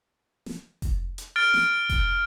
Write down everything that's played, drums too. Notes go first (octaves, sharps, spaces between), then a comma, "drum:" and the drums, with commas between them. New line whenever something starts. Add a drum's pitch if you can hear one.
drum: snare
drum: kick F1, open hi-hat
drum: hi-hat
F6 A6 D7
drum: snare
drum: kick F1, open hi-hat